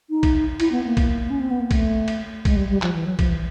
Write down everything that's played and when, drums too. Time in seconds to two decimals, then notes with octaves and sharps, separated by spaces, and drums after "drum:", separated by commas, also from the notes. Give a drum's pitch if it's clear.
0.10 D#4
0.23 drum: kick A#1, cymbal
0.60 E4, drum: cymbal
0.72 B3
0.85 A#3
0.97 drum: kick A#1, cymbal
1.30 C#4
1.40 C4
1.51 B3
1.60 A#3
1.71 A3, drum: kick A#1, cymbal
2.08 drum: cymbal
2.45 G#3, drum: kick A#1, cymbal
2.56 G3
2.69 G3
2.82 F3, drum: clap
2.94 E3
3.06 F#3
3.19 F3, drum: kick A#1, cymbal
3.30 E3